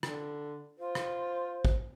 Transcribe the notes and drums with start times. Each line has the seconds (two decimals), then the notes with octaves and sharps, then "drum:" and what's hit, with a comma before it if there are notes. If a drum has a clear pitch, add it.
0.03 D3, drum: rim click
0.78 F4 C5
0.95 drum: rim click
1.65 drum: kick